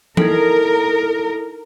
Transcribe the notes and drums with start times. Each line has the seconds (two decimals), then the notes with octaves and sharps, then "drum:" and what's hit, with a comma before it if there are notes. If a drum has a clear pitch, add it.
0.17 D#4 E4 A4 A#4, drum: tom E3